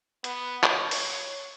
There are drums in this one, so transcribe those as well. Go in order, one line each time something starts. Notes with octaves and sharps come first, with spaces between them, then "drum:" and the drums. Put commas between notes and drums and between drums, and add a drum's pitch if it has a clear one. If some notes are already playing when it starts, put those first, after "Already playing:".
B3, drum: hi-hat
C#5, drum: clap
drum: open hi-hat